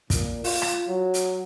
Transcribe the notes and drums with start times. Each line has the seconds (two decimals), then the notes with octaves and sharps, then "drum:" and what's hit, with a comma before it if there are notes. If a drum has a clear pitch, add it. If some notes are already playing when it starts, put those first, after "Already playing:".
0.10 A#2, drum: kick, hi-hat
0.44 F4, drum: open hi-hat
0.62 drum: rim click
0.88 F#3
1.14 drum: hi-hat